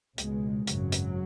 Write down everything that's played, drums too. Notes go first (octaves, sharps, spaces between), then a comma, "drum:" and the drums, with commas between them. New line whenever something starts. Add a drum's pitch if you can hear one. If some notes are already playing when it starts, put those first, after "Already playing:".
C#2 B2 G#3, drum: hi-hat
G#1 F#2 C#3 F#3, drum: hi-hat
drum: hi-hat